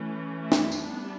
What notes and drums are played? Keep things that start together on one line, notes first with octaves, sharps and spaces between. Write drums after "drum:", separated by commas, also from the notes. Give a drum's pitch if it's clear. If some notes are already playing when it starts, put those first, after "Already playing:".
Already playing: E3 A3 C#4
E4
drum: snare
G3 B3 D4, drum: tambourine